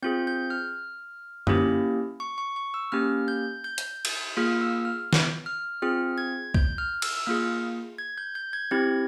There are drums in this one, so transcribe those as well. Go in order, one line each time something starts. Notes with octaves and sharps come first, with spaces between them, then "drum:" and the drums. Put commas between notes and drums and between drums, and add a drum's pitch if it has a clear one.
C4 F4 G#4 G6
G6
F6
A#3 C#4 E4 G4, drum: tom F#2
C#6
C#6
C#6
E6
A#3 C#4 G4 F6
G6
G6
drum: hi-hat
drum: cymbal
A#3 F4 G#4 F6
E6
F6
drum: snare
F6
C4 F4 G#4 F6
G#6
G6, drum: kick
F6
E6, drum: cymbal
E6
A#3 F4 G#4 F6
G#6
G6
G6
G#6
C4 E4 G4 G#6